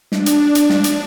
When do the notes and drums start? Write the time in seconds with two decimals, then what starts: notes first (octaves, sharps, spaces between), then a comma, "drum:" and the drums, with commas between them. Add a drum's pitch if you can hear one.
0.12 D4, drum: snare
0.26 drum: hi-hat
0.55 drum: hi-hat
0.69 drum: snare
0.84 drum: hi-hat